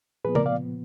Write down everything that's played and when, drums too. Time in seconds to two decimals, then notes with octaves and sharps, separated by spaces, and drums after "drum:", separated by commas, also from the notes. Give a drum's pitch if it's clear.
0.25 A#2 F3 B3 G#4 B4
0.35 A#4 D5, drum: tom C#3
0.46 D5 F5